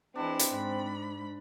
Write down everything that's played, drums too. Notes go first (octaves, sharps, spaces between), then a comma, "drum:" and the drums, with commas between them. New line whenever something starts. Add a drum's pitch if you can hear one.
E3 G#3 C4 D4 E4
drum: hi-hat
G#2 B5